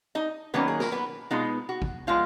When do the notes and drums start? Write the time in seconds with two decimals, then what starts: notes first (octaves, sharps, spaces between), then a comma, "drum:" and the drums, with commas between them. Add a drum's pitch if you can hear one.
0.15 D#4 D#5
0.54 D#3 F#3 A#3 B3 C#4 B4
0.68 G#4
0.80 A#4, drum: snare
0.92 B3 B4
1.31 B2 G#3 B3 D#4 F4
1.69 F#4
1.82 drum: kick G#1
2.07 F3 G#3 B3 F4 F5